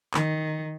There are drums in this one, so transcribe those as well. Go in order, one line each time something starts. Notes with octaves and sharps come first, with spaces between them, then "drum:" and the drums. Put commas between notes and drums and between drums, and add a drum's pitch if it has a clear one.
D#3, drum: clap